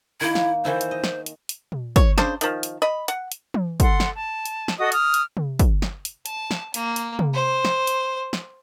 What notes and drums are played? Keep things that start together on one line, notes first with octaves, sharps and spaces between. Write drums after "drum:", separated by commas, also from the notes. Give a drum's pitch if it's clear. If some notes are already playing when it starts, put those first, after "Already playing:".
D#3 A#3 E4
drum: snare
D#3 E3 E4 C5
drum: hi-hat
D#5
drum: snare
drum: hi-hat
drum: hi-hat
drum: tom A#2
C#5, drum: kick, hi-hat
C#3 D4 C5, drum: snare
D#3 F3, drum: hi-hat
drum: hi-hat
D#5 B5
F#5, drum: hi-hat
drum: hi-hat
drum: tom
A4 F#5 C6, drum: kick, hi-hat
drum: snare
A5
drum: hi-hat
drum: snare
F#4 A4 D#5 D#6
D#6 F6, drum: hi-hat
drum: hi-hat
drum: tom
drum: kick, hi-hat
drum: snare
drum: hi-hat
A5, drum: hi-hat
drum: snare
A#3, drum: hi-hat
drum: hi-hat
drum: tom
C5
drum: snare
drum: hi-hat
drum: snare